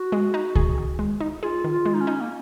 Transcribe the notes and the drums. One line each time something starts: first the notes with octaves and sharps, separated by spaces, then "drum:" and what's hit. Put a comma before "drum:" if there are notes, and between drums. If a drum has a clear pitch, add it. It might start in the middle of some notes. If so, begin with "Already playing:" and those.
Already playing: F#4
G#3
D#4
G#4, drum: kick C#2
D#3
G#3
D#4
F4 G#4
D#3
F4
G#3
D#4
C#4
D#4
A#3